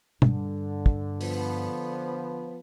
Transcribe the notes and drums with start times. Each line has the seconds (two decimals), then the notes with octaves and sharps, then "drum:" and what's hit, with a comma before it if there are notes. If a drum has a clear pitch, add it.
0.22 G2 D3, drum: tom B2
0.86 drum: kick
1.21 F3 B3, drum: open hi-hat